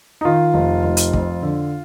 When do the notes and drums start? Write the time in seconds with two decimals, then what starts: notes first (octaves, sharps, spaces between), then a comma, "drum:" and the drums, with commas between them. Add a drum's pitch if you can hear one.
0.21 D#4
0.25 D#3 F4
0.54 F1
0.84 F1
0.97 drum: hi-hat
1.13 F2, drum: kick
1.42 D3